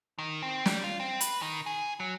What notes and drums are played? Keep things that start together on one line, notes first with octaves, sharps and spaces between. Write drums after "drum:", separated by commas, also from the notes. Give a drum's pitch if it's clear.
D#3
C4
G3, drum: snare
F4
C4
B4, drum: hi-hat
D#3
G#4
F#3